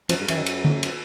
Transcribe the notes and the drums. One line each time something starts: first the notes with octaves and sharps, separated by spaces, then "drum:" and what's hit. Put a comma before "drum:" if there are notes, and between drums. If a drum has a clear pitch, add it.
F#2 F3, drum: cymbal
G2
F#2 E3, drum: cymbal
D#3
drum: cymbal
drum: tom D3
drum: cymbal